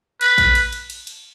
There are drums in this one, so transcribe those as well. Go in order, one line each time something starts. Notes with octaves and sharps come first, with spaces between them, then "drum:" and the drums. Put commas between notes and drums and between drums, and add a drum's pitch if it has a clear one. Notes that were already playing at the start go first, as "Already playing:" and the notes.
B4, drum: cymbal
drum: kick, cymbal
drum: cymbal
drum: cymbal
drum: cymbal
drum: cymbal